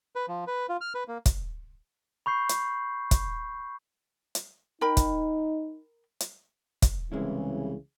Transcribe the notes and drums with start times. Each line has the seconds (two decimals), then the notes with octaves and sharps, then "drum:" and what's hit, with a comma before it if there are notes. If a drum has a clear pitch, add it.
0.16 B4
0.28 F3
0.47 B4
0.69 F4
0.81 F6
0.95 B4
1.08 A#3
1.26 drum: kick, hi-hat
2.26 B5 C#6 G6 C7
2.49 drum: hi-hat
3.11 drum: kick, hi-hat
4.35 drum: hi-hat
4.81 D#4 A#4 G5 B5
4.97 drum: kick, hi-hat
6.20 drum: hi-hat
6.82 drum: kick, hi-hat
7.12 C2 C#3 E3 G#3 C#4 E4